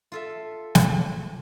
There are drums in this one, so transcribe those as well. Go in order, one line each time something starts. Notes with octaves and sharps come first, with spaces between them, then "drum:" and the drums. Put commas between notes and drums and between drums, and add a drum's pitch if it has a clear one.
F4 A4 E5
drum: snare